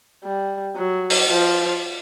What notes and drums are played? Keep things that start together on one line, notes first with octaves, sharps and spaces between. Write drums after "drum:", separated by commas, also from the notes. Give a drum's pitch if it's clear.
G3
F#3
drum: open hi-hat
F3